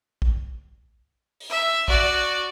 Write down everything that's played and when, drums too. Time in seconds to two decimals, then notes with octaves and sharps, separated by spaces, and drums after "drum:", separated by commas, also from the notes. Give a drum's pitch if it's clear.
0.22 drum: kick
1.40 drum: open hi-hat
1.50 E5
1.88 F#4 D5, drum: kick